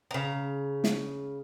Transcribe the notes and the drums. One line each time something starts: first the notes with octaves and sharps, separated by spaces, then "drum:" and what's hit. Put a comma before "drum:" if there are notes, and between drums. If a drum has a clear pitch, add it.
C#3 A#5
drum: snare